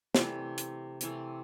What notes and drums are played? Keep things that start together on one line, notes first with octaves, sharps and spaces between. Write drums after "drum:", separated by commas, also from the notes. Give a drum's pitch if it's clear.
C3 E3 A3 B4 D5, drum: snare
drum: hi-hat
C3 E3 A3, drum: hi-hat